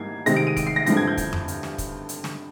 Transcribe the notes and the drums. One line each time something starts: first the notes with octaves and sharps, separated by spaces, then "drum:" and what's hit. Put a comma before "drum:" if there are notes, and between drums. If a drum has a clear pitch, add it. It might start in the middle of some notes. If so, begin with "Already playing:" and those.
Already playing: G#2 G3 A#3 G#6 C7
C3 D#3 G#3 C4 A#6, drum: hi-hat
D7
D#7
D7, drum: kick, hi-hat
C7
A#6
G2 D3 F3 C4 A#6, drum: hi-hat
G#6
G6
drum: kick, hi-hat
drum: tom F2
drum: hi-hat
drum: snare
drum: kick, hi-hat
drum: hi-hat
drum: snare